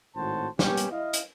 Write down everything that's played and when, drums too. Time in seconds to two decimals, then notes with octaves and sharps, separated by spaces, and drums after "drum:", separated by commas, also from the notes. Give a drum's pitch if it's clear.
0.16 G#1 A2 C4 F#4 C5 A5
0.59 G3 A#3 B3 C#4 G4, drum: snare
0.77 drum: hi-hat
0.91 E4 D#5 F5
1.13 drum: hi-hat